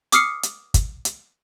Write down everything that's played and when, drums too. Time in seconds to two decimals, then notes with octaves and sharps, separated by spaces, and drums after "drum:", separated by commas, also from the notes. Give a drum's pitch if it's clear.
0.12 D6 D#6 F6 C7 C#7, drum: hi-hat
0.43 drum: hi-hat
0.74 drum: kick, hi-hat
1.05 drum: hi-hat